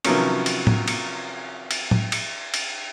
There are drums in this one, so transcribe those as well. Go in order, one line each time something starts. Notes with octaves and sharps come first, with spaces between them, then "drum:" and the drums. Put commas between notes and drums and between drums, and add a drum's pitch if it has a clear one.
C3 D#3 F3 F#3 B3 C#4, drum: cymbal
drum: cymbal
drum: tom A2
drum: cymbal
drum: cymbal
drum: tom A2
drum: cymbal
drum: cymbal